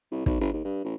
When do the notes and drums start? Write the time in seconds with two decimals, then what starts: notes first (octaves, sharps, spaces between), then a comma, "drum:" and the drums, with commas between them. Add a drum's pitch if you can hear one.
0.11 C2
0.26 B1, drum: kick
0.41 G1
0.53 D#2
0.64 G2
0.85 A1